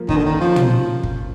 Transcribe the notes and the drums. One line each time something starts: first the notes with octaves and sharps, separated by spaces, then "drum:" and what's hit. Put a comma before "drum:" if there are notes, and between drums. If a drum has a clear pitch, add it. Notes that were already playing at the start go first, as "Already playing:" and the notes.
Already playing: F3 A#3
D#3 C#4, drum: kick
D3
D#3
C#4
F3
drum: tom
drum: kick